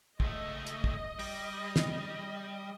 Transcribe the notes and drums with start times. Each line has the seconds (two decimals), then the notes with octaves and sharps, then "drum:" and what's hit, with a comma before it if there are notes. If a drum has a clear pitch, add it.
0.20 C#2 A3 D#5, drum: kick
0.67 drum: hi-hat
0.84 drum: kick
1.19 G3, drum: open hi-hat
1.76 drum: snare